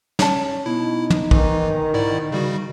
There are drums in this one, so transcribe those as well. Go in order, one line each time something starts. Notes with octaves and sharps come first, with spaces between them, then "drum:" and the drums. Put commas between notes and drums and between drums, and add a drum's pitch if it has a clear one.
C#4 A5, drum: snare
B2 D#4 E4
drum: tom
D#3 E3, drum: kick
G#2 E4 D5
C#3 G3 F#4